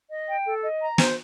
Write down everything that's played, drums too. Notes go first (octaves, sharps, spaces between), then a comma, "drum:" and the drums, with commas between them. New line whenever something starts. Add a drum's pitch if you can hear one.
D#5
G5
A4
D#5
A#5
C5, drum: snare